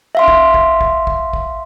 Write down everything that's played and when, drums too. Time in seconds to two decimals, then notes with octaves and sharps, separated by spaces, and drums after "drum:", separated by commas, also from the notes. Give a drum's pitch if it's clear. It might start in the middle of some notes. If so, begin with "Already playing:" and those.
0.15 E5 F5 C6
0.28 drum: kick
0.54 drum: kick
0.81 drum: kick
1.07 drum: kick
1.33 drum: kick